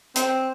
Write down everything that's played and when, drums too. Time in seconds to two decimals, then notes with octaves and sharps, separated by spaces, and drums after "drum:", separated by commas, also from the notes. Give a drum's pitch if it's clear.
0.16 C4, drum: hi-hat